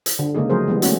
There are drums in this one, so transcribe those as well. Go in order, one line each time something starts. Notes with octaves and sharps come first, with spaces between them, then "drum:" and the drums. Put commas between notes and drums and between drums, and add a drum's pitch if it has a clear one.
drum: hi-hat
D3
C#3 G#3 A#3 D#4 G#4
F3 F#3 A3 G#4 A#4 C5
E3 G3 G#3 B3
A3 A#3 C#4 F#4, drum: hi-hat